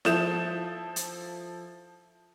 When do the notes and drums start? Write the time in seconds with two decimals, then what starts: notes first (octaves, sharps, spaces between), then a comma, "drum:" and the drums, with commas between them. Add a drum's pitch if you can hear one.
0.05 F3 E4 A4 D#6 G6 E7, drum: snare E4
0.96 drum: hi-hat